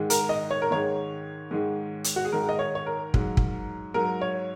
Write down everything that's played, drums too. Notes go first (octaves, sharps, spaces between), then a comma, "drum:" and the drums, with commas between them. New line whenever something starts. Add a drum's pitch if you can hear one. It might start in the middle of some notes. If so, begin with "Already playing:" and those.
Already playing: G#2 D#3 G#3
A#4, drum: hi-hat
D#5
C#5
A#4
G#2 D#3 G#3 C#5
G#2 D#3 G#3
drum: hi-hat
F#4
G#4
G#2 D#3 G#3 A#4
D#5
C#5
C#5
A#4
G#2 F#3, drum: kick
drum: kick
G#2 F#3 A#4
C#5